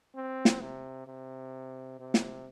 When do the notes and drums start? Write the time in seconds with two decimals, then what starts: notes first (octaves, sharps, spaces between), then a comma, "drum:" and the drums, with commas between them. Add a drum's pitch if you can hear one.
0.15 C4
0.45 drum: snare
0.61 C3
1.07 C3
1.99 C3
2.14 drum: snare